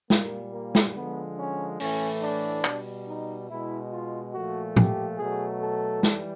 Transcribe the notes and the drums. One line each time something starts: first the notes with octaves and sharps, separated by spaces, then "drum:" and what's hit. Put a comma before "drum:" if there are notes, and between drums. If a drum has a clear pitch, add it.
A#2 G3 A#3, drum: snare
A#3
drum: snare
D3 F3 G#3 B3
C#4
A2 E3 A3 C#4, drum: open hi-hat
D4
B2 G3, drum: clap
D#4
B2 G#3 E4
F4
A#2 F3 A3 F#4
G4, drum: tom A2
B2 F#3 A3 G#4
A4
E3 G3, drum: snare